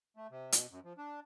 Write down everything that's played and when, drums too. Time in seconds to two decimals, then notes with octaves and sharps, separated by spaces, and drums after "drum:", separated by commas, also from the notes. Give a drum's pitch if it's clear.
0.17 A3
0.31 C3
0.52 B2, drum: hi-hat
0.71 F#2
0.84 F3
0.98 D4